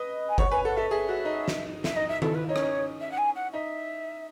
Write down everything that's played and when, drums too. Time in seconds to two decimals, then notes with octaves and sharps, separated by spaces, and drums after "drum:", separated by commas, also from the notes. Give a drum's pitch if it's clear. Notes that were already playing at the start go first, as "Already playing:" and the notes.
Already playing: B4 D#5
0.29 G#5
0.38 C#5 F#5, drum: kick F#1
0.51 B4 G#5
0.65 A4 F#5
0.77 A4 E5
0.91 G#4 E5
1.09 F#4
1.25 D#4
1.48 drum: snare
1.84 E5, drum: snare
1.96 D#4 D#5
2.09 E5
2.22 E4 A4, drum: tom D#3
2.35 B4
2.49 D#4 C#5
2.56 C#4, drum: rim click
2.62 D#4
3.01 E5
3.11 F#5
3.18 G#5
3.36 F#5
3.53 D#4 E5